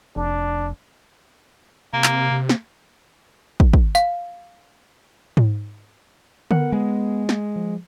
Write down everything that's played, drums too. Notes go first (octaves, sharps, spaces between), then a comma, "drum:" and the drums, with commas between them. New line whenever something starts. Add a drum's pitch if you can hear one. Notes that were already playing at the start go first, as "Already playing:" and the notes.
F1 D4
C3 A#3
drum: clap
C3
drum: snare
drum: kick
drum: kick
F5, drum: tambourine
drum: tom G#2
B3 A#4 F#5, drum: tom D3
G#3 B3
drum: snare
F3